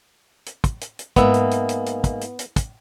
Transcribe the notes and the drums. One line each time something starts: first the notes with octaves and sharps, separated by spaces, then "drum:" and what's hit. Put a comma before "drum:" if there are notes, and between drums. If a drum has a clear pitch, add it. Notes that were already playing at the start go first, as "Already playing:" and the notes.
drum: hi-hat
drum: kick, hi-hat
drum: hi-hat
drum: hi-hat
G#2 A#3 B3 E5, drum: kick, hi-hat
drum: hi-hat
drum: hi-hat
drum: hi-hat
drum: hi-hat
drum: kick, hi-hat
drum: hi-hat
drum: hi-hat
drum: kick, hi-hat